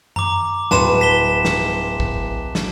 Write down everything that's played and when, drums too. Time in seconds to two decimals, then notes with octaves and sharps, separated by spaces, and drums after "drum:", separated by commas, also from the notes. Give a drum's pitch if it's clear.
0.16 A#5 D6, drum: tom F#2
0.71 D1 B4 A5 C6 E7, drum: snare
1.01 B6 E7 G7
1.45 drum: snare
2.00 drum: kick
2.55 drum: snare